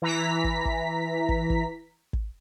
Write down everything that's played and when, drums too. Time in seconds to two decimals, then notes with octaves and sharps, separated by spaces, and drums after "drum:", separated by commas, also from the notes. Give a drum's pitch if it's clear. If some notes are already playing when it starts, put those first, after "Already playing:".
0.02 E3 A#5 B6
0.44 drum: kick
0.65 drum: kick
1.29 drum: kick
1.50 drum: kick
2.13 drum: kick